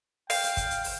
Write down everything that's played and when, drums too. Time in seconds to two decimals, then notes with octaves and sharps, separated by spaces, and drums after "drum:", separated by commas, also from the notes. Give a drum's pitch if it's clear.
0.30 F5 G5, drum: open hi-hat
0.43 drum: hi-hat
0.57 drum: kick, hi-hat
0.71 drum: hi-hat
0.84 drum: open hi-hat